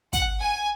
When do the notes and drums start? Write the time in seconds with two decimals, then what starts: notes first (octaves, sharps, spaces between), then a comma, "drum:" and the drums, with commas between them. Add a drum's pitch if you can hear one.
0.13 F#5, drum: kick, hi-hat
0.41 G#5